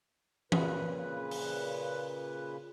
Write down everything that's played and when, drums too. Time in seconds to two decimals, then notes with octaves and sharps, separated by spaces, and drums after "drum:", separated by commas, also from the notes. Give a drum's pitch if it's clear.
0.52 A#2 C#3 B4, drum: tom E3
1.31 drum: open hi-hat